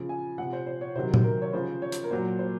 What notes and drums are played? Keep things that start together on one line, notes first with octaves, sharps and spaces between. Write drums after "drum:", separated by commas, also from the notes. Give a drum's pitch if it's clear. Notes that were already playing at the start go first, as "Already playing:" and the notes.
Already playing: C#3 F3
G#5
C3 F3 F#5
C5
C5
C#5
C3 D#3 F#3 C5
drum: tom A#2
A#4
C#5
C#3 F3 C5
C#5
drum: hi-hat
A#4
A#2 F#3 C5
C5